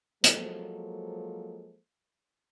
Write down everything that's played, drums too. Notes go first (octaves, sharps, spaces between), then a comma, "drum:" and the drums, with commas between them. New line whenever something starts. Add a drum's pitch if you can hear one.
F3 F#3 G#3 A#3 A4 C5, drum: hi-hat